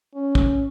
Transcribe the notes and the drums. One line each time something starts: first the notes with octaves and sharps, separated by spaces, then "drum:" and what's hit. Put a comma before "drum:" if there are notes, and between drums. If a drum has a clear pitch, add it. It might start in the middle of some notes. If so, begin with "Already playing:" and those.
C#4
drum: kick